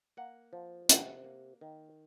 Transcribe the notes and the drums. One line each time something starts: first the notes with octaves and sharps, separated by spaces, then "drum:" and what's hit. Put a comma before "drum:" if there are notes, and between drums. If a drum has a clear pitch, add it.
A#3 F#5
F3
C3 F#5, drum: hi-hat
A#3
D#3